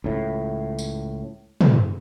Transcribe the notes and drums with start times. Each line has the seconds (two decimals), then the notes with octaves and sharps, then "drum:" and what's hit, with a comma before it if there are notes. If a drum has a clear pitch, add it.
0.04 C#2 A2
0.79 drum: tambourine
1.61 drum: tom